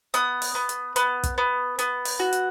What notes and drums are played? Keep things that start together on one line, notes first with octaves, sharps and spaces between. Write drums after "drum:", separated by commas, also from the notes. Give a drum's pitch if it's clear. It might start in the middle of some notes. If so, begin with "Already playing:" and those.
B3 D#6, drum: hi-hat
drum: open hi-hat
B3
drum: hi-hat
B3, drum: hi-hat
drum: kick, hi-hat
B3
B3, drum: hi-hat
drum: open hi-hat
F#4
drum: hi-hat